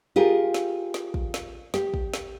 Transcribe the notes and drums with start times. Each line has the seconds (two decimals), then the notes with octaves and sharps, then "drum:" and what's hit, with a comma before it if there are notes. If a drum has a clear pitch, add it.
0.16 F4 G4 G#4 A#4
0.54 drum: snare
0.94 drum: snare
1.14 drum: kick
1.34 drum: snare
1.74 G4, drum: snare
1.94 drum: kick
2.14 drum: snare